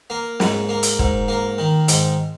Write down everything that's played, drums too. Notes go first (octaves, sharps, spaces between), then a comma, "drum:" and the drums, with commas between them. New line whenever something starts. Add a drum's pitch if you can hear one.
A#3
G#2, drum: snare
A#3
drum: hi-hat
G#2, drum: kick
A#3
D#3
G#2, drum: hi-hat